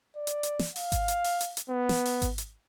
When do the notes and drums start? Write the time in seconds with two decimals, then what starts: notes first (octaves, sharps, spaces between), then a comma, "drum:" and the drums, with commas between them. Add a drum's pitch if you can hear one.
0.16 D5
0.27 drum: hi-hat
0.43 drum: hi-hat
0.59 drum: snare
0.76 F5, drum: open hi-hat
0.92 drum: kick G#1, hi-hat
1.08 drum: hi-hat
1.24 drum: open hi-hat
1.41 drum: hi-hat
1.57 drum: hi-hat
1.70 B3
1.89 drum: snare
2.05 drum: open hi-hat
2.22 drum: kick G#1, hi-hat
2.38 drum: hi-hat